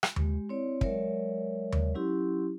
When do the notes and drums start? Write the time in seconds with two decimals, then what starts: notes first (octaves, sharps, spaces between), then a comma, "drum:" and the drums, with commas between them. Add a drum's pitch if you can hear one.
0.03 drum: rim click
0.16 G#3 G4, drum: tom D#2
0.49 C4 E4 C#5 D5
0.81 F#3 G#3 A#4 C#5 D5 E5, drum: kick
1.72 drum: tom D#2
1.95 F#3 C#4 E4 G4 C6